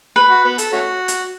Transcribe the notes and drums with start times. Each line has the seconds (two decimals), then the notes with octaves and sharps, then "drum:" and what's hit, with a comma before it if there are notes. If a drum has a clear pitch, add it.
0.16 B4
0.30 F#4
0.45 B3
0.58 A4, drum: hi-hat
0.72 A3 C#4 F#4
1.08 drum: hi-hat